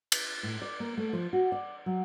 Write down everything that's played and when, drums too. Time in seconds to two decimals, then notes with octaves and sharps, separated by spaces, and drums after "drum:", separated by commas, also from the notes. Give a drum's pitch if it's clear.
0.12 drum: cymbal
0.43 A2
0.62 D5
0.80 A#3
0.97 A3
1.13 F3
1.33 F#4
1.52 D5
1.86 F#3